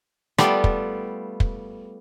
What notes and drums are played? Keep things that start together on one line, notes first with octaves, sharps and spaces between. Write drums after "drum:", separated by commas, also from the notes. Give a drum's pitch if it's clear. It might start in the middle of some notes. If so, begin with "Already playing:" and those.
G3 A3 B3 F4 G4 A4, drum: rim click
drum: kick
drum: kick